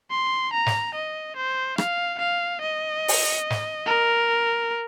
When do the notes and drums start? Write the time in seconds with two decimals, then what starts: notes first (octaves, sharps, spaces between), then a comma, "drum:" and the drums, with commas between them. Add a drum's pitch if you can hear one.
0.11 C6
0.53 A#5
0.66 drum: snare
0.95 D#5
1.37 C5
1.78 F5, drum: rim click
2.19 F5
2.62 D#5
3.08 drum: open hi-hat
3.50 drum: snare
3.86 A#4